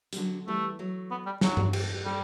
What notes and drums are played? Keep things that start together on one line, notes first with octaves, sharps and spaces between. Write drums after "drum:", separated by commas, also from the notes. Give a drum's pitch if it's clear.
G3, drum: hi-hat
D3 F#3
E3 G3 A3
F#3 A3
B3
G3
F#3 C#4 E4, drum: snare
D4 F#4, drum: tom G2
G4, drum: cymbal
A4
G4
G3 A4